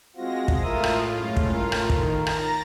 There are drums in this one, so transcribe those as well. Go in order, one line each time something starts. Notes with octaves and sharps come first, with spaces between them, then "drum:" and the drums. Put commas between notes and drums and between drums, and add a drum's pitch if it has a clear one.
G#3 C4 F4 F#4 A#6
drum: kick
A2 F4 A#4 E5 D#6
drum: rim click
F#2 G#3 C#4
drum: kick
A#4
drum: rim click
D#3, drum: kick
A#5 A6 A#6, drum: rim click